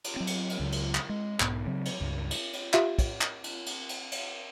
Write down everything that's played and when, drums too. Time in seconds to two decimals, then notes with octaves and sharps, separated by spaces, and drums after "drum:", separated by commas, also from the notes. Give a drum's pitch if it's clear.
0.04 drum: cymbal
0.16 F#3 C4
0.27 drum: cymbal
0.50 drum: cymbal
0.60 C#2 C#3 F#3
0.72 drum: cymbal
0.95 drum: clap
1.09 G#3
1.40 B1 G#2 B3, drum: clap
1.66 C#3 F#3 C4
1.85 drum: cymbal
2.00 C#2 G2
2.31 drum: cymbal
2.53 drum: cymbal
2.74 F4 G4 E5 F5, drum: clap
2.99 drum: kick, cymbal
3.21 drum: clap
3.44 drum: cymbal
3.66 drum: cymbal
3.89 drum: cymbal
4.12 drum: cymbal